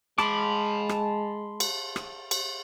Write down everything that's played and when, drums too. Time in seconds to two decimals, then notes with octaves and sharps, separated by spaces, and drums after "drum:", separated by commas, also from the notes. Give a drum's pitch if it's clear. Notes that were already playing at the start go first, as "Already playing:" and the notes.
0.18 G#3 A5 B5 C6 D6, drum: rim click
0.89 drum: rim click
1.60 drum: cymbal
1.96 drum: rim click
2.31 drum: cymbal